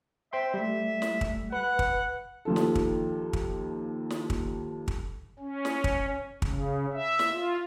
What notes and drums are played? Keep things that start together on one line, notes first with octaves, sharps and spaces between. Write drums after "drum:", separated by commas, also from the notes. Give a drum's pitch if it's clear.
C5 E5 G5 C6
G3 A3 E5
drum: snare
drum: kick
B4 F#5
drum: kick
D#2 F3 A4
drum: snare
drum: kick
drum: kick
drum: snare
drum: kick
drum: kick
C#4
drum: snare
drum: kick
C#3, drum: kick
E5
drum: snare
F4